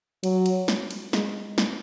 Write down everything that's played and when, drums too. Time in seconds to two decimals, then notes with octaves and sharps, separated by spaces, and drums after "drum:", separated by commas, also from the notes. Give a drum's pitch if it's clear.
0.23 F#3, drum: cymbal
0.46 drum: cymbal
0.68 drum: snare
0.91 drum: cymbal
1.13 G#3, drum: snare
1.58 drum: snare